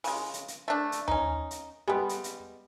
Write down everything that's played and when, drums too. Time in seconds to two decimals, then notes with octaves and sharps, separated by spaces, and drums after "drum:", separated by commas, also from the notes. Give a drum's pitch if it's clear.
0.04 C#3 G#3, drum: open hi-hat
0.33 drum: hi-hat
0.48 drum: hi-hat
0.68 A3 D4
0.92 drum: hi-hat
1.08 C#4 D#4, drum: tom D#2
1.51 drum: hi-hat
1.88 G3 G#3 B3
2.09 drum: hi-hat
2.24 drum: hi-hat